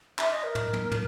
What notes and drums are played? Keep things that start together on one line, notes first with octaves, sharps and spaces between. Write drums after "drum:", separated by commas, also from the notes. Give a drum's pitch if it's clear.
E5, drum: clap
D#5
A#4
drum: tom
drum: tom
drum: tom